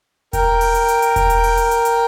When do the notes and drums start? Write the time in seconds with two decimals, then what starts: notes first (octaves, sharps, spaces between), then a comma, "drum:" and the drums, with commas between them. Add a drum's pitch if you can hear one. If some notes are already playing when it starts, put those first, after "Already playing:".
0.33 A#4 G5, drum: kick E1, hi-hat
0.61 drum: open hi-hat
0.75 drum: hi-hat
0.88 drum: hi-hat
1.02 drum: hi-hat
1.16 drum: kick E1, hi-hat
1.30 drum: hi-hat
1.44 drum: open hi-hat
1.57 drum: hi-hat
1.71 drum: hi-hat
1.85 drum: hi-hat